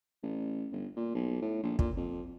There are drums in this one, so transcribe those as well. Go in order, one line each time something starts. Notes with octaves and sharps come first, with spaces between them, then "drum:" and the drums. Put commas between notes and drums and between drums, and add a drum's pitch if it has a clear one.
A1
G1
A#2
B1
A2
A#1
A#2, drum: kick
F2